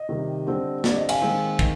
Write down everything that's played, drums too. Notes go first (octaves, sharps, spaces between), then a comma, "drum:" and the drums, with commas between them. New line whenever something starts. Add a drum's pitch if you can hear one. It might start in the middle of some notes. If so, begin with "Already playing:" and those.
Already playing: D#5
C3 D#3 G3
D3 G3 C4
D3 G3 C4 D5, drum: snare
D#5
F5 G#5, drum: cymbal
D#3 G#3 C4
D#3, drum: kick